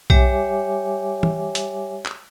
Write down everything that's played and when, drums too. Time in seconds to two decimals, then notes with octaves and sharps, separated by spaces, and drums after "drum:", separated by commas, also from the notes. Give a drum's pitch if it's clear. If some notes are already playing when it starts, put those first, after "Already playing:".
0.10 G3 G4 C#5 E5 G#5 D6, drum: kick B1
1.23 drum: tom
1.55 drum: hi-hat
2.06 drum: clap